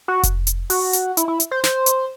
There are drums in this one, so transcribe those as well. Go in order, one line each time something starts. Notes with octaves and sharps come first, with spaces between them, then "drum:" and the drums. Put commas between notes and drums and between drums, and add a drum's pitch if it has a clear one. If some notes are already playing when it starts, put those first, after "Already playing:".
F#4
drum: kick F1, hi-hat
drum: hi-hat
F#4, drum: open hi-hat
drum: hi-hat
E4, drum: hi-hat
E4
drum: hi-hat
C5
C5, drum: snare
drum: hi-hat